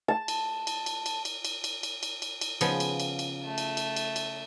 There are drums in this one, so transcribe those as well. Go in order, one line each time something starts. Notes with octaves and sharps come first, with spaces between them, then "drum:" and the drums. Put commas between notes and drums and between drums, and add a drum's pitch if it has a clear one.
A5
drum: cymbal
drum: cymbal
drum: cymbal
drum: cymbal
drum: cymbal
drum: cymbal
drum: cymbal
drum: cymbal
drum: cymbal
drum: cymbal
drum: cymbal
C#3 F3 B3, drum: cymbal
drum: cymbal
drum: cymbal
drum: cymbal
A3 A5
drum: cymbal
drum: cymbal
drum: cymbal
drum: cymbal